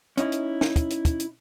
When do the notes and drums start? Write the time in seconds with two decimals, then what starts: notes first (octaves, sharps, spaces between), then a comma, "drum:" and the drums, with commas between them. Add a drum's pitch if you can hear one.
0.17 C#4 D#4 E4, drum: hi-hat
0.32 drum: hi-hat
0.61 drum: snare
0.76 drum: kick, hi-hat
0.90 drum: hi-hat
1.05 drum: kick, hi-hat
1.20 drum: hi-hat